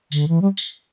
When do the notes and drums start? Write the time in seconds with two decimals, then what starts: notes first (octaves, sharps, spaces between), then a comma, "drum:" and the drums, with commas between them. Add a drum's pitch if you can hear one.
0.12 D3, drum: tambourine
0.28 E3
0.42 G3
0.57 drum: tambourine